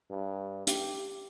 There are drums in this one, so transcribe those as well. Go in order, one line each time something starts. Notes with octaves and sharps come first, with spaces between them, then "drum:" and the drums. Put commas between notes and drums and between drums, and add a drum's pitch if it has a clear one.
G2
G4, drum: hi-hat